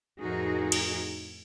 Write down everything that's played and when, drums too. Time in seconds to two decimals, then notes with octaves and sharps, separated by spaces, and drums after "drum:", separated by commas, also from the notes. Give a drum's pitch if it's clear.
0.21 F2 A2 D#4 F#4 G#4 A#4
0.72 drum: cymbal